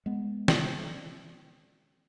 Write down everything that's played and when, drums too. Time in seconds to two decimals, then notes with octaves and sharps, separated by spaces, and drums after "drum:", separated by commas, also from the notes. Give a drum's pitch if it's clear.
0.06 G#3 B3
0.48 drum: snare